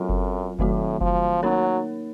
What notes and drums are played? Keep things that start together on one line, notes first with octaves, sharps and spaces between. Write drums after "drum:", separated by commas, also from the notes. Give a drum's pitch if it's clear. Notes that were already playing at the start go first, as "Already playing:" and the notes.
Already playing: F#2 F#3 C4 F4 A4
drum: kick F#1
A2 D#3 F#3 A3 C4 F#4, drum: kick F#1
F3, drum: kick F#1
F#3 A#3 D#4 A#4 C#5